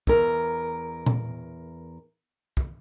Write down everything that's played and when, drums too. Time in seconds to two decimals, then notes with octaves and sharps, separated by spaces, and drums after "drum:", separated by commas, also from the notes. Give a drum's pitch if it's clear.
0.07 E2 A#4, drum: kick
1.06 drum: tom A#2
2.57 drum: kick